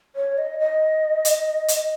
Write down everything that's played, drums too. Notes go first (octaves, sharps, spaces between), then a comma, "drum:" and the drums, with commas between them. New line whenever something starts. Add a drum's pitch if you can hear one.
C#5
D#5
D#5
drum: hi-hat
drum: hi-hat